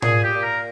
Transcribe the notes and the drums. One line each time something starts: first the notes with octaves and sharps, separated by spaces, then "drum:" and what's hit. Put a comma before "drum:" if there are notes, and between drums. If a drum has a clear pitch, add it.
A#2 G#4, drum: tom A2
G4
A#2
A#4